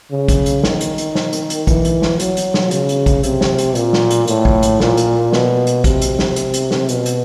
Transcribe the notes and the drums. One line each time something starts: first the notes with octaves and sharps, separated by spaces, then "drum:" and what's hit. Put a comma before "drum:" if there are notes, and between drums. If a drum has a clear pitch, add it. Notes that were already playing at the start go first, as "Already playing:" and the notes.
C#3
drum: kick, hi-hat
drum: hi-hat
D#3, drum: snare
drum: hi-hat
drum: hi-hat
drum: snare
drum: hi-hat
drum: hi-hat
E3, drum: kick, hi-hat
drum: hi-hat
drum: snare
F#3, drum: hi-hat
drum: hi-hat
drum: snare
C#3, drum: hi-hat
drum: hi-hat
drum: kick, hi-hat
C3, drum: hi-hat
drum: snare
drum: hi-hat
A#2, drum: hi-hat
drum: snare
drum: hi-hat
A2, drum: hi-hat
drum: kick
drum: hi-hat
A#2, drum: snare
drum: hi-hat
B2, drum: snare
drum: hi-hat
C3, drum: kick, hi-hat
drum: hi-hat
drum: snare
drum: hi-hat
drum: hi-hat
drum: snare
B2, drum: hi-hat
drum: hi-hat